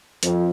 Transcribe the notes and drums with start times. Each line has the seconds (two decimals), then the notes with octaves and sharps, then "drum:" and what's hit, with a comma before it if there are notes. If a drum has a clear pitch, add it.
0.23 F2, drum: hi-hat